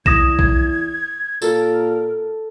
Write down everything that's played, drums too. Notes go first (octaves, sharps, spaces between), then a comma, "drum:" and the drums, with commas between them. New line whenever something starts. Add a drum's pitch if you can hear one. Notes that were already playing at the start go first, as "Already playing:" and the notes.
E2 D#6 G#6 A#6 E7, drum: kick B1
drum: kick B1
A#2 A4 A#4, drum: tambourine